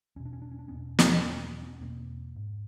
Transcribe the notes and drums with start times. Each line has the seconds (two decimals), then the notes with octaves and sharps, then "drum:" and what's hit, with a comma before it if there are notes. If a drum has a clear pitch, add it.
0.16 E2 B2 C#4
0.25 D4
0.33 C#4
0.42 D4
0.51 C#4
0.59 D4
0.68 E2 B2 B3 C#4
0.99 drum: snare
1.26 E2 B2 B3 C#4
1.44 B3 C#4
1.62 B3 C#4
1.81 E2 B2 A#3 C4
2.36 G#2